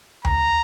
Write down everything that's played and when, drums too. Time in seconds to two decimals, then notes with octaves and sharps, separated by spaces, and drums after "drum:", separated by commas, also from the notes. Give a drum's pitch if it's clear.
0.25 A#5, drum: tom D2